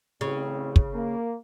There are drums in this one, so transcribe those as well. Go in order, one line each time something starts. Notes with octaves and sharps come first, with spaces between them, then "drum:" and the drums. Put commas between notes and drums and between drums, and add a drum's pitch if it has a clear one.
A1 C#3 C4
drum: kick
A#3